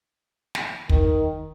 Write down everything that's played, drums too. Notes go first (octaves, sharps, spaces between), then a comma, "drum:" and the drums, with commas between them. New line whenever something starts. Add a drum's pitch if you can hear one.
drum: snare
D#3, drum: kick